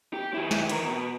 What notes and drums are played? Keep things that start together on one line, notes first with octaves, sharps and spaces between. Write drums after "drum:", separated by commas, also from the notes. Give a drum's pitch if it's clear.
G4
D#3 E4
drum: snare
E3 A#4, drum: hi-hat
B2